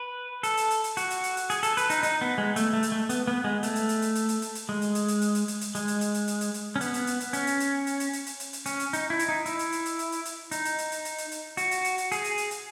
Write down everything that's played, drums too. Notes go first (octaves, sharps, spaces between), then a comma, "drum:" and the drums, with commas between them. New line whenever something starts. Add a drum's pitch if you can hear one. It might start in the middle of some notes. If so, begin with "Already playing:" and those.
Already playing: B4
A4, drum: hi-hat
drum: hi-hat
drum: hi-hat
drum: hi-hat
F#4, drum: hi-hat
drum: hi-hat
drum: hi-hat
drum: hi-hat
G#4, drum: hi-hat
A4, drum: hi-hat
B4, drum: hi-hat
D#4, drum: hi-hat
D#4, drum: hi-hat
B3
G#3
A3, drum: hi-hat
A3
drum: hi-hat
A3
B3, drum: hi-hat
B3
G#3
A3, drum: hi-hat
drum: hi-hat
drum: hi-hat
drum: hi-hat
drum: hi-hat
drum: hi-hat
drum: hi-hat
drum: hi-hat
G#3
drum: hi-hat
drum: hi-hat
drum: hi-hat
drum: hi-hat
drum: hi-hat
drum: hi-hat
drum: hi-hat
G#3, drum: hi-hat
drum: hi-hat
drum: hi-hat
drum: hi-hat
drum: hi-hat
drum: hi-hat
drum: hi-hat
C#4
B3, drum: hi-hat
drum: hi-hat
drum: hi-hat
drum: hi-hat
C#4, drum: hi-hat
drum: hi-hat
drum: hi-hat
drum: hi-hat
drum: hi-hat
drum: hi-hat
drum: hi-hat
drum: hi-hat
drum: hi-hat
C#4, drum: hi-hat
drum: hi-hat
D#4, drum: hi-hat
E4
drum: hi-hat
D#4
E4, drum: hi-hat
drum: hi-hat
drum: hi-hat
drum: hi-hat
drum: hi-hat
drum: hi-hat
drum: hi-hat
D#4, drum: hi-hat
drum: hi-hat
drum: hi-hat
drum: hi-hat
drum: hi-hat
drum: hi-hat
drum: hi-hat
F#4, drum: hi-hat
drum: hi-hat
drum: hi-hat
drum: hi-hat
G#4, drum: hi-hat
drum: hi-hat
drum: hi-hat
drum: hi-hat